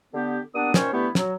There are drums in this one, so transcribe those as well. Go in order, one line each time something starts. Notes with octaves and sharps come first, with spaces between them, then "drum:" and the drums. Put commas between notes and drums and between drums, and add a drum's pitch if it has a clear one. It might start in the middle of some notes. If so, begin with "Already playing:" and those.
D3 B3 G4
G3 A#3 B3 D4 F#5 D#6
A#2 D#3 C#4 C5 C#5, drum: snare
D3 E3 A3 B3 E4 G4
F#3, drum: snare